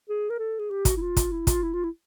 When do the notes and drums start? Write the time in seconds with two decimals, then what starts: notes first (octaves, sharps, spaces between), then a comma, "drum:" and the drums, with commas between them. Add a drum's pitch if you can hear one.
0.09 G#4
0.30 A#4
0.39 A4
0.59 G#4
0.71 G4
0.85 F#4, drum: kick, hi-hat
0.97 E4
1.01 F4
1.17 drum: kick, hi-hat
1.31 E4
1.47 F4, drum: kick, hi-hat
1.63 E4
1.73 F4
1.84 E4